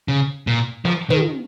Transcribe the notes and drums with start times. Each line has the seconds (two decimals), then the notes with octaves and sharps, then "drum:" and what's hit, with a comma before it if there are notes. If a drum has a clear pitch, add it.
0.08 C#3
0.47 A#2
0.85 F3, drum: snare
1.10 D#3, drum: tom